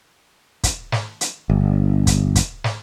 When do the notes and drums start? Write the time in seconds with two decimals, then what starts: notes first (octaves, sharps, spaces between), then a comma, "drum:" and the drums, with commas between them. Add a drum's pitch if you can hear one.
0.64 drum: kick, hi-hat
0.92 drum: snare
1.21 drum: hi-hat
1.50 G1
2.07 drum: kick, hi-hat
2.35 drum: kick, hi-hat
2.64 drum: snare